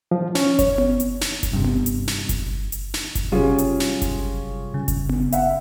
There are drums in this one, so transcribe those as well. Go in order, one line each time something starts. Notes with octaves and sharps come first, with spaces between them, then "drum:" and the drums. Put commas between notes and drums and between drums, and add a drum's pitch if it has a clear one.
F3
C#4, drum: snare
C#5, drum: kick F#1, hi-hat
drum: tom B3
drum: hi-hat
drum: snare
drum: kick F#1, hi-hat
G2 C3
drum: tom B3
drum: hi-hat
drum: snare
drum: kick F#1, hi-hat
drum: hi-hat
drum: snare
drum: kick F#1, hi-hat
C3 F#3 G3 C#4 F4 G#4
drum: hi-hat
drum: snare
drum: kick F#1, hi-hat
C#3
drum: kick F#1, hi-hat
drum: tom B3
E5 F#5, drum: hi-hat